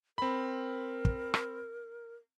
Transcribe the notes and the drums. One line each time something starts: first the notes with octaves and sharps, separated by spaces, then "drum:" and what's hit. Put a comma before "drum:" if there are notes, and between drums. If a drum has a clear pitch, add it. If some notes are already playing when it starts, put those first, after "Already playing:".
C4 A#4 B5
drum: kick
drum: rim click